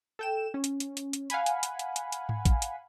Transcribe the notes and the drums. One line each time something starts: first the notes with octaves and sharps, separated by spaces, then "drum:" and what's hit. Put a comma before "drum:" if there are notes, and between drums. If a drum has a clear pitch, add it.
A4 G5 E7
C#4
drum: hi-hat
drum: hi-hat
drum: hi-hat
drum: hi-hat
F5 F#5 G#5 B5, drum: hi-hat
drum: hi-hat
drum: hi-hat
drum: hi-hat
drum: hi-hat
drum: hi-hat
drum: tom G#2
drum: kick A1, hi-hat
drum: hi-hat